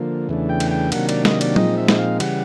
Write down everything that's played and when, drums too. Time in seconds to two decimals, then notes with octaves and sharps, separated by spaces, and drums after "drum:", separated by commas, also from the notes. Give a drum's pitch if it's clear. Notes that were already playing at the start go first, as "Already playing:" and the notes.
Already playing: D3 F3 A#3
0.29 E2 C#3 E3 A3 D4
0.49 G5
0.60 drum: cymbal
0.71 G5
0.92 C3 D#3 F#3 A#3 D4 F#5, drum: cymbal
1.09 D5, drum: cymbal
1.25 D#5, drum: snare
1.41 D5, drum: cymbal
1.56 A#2 F3 G#3 C4 D#4 D#5, drum: tom F#3
1.78 E5
1.88 drum: snare
1.99 F5
2.20 C#3 E3 G3 F#5, drum: cymbal